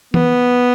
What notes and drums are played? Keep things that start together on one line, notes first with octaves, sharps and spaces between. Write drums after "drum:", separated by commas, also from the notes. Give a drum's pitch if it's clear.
B3, drum: tom E3